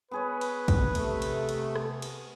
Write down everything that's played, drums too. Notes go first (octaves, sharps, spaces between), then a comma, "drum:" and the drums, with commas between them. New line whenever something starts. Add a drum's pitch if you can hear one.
B3 G#4 B4 C#5
drum: cymbal
drum: kick, cymbal
C3 A3, drum: cymbal
drum: cymbal
drum: cymbal
drum: rim click
drum: cymbal